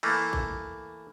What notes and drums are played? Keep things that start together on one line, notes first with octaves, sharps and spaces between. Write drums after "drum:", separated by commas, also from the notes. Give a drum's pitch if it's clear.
E3 A3 A#3, drum: cymbal
drum: kick